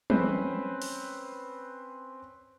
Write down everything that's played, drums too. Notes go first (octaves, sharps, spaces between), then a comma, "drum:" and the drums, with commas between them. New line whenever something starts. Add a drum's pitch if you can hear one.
C4 C#4 B4 C5, drum: tom
drum: open hi-hat